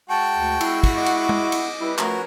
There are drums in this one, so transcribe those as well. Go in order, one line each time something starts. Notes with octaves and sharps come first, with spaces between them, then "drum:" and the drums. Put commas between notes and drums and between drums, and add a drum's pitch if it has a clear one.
G#3 F#4 G5 A5 C#6
D2
E4, drum: cymbal
drum: kick, cymbal
D#5 F#5 D6
drum: cymbal
drum: tom
drum: cymbal
G3 E4 B4
F3 A3 C#4 F#4 A#4, drum: clap